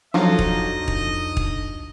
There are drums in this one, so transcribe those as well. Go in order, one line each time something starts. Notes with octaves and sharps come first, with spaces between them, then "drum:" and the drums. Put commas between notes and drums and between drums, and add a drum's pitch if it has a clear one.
F2 F3 F#3 D4 D#4 F4 A4 D#5
drum: kick
drum: kick
drum: kick